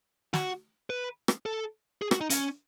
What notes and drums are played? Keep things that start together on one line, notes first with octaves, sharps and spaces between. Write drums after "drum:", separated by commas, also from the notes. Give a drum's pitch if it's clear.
F#4, drum: snare
B4
drum: rim click
A4
G#4
F#4, drum: rim click
D#4
C#4, drum: hi-hat